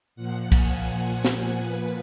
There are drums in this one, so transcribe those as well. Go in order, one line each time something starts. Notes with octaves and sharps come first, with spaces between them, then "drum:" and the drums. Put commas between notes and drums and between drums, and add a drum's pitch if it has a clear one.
A#2 F3 F#5
G#5, drum: kick, cymbal
F#5, drum: snare
A#2 F3 B4